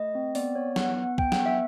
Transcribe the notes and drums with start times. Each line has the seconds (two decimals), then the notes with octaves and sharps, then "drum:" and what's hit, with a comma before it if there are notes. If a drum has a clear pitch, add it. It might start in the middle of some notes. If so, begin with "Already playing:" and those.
Already playing: A3 D#5
0.15 C4
0.35 B3 D5, drum: open hi-hat
0.55 B3 C#5
0.76 B3 F#5, drum: snare
0.97 B3
1.18 B3 G5, drum: kick
1.32 F#5, drum: snare
1.39 B3
1.46 E5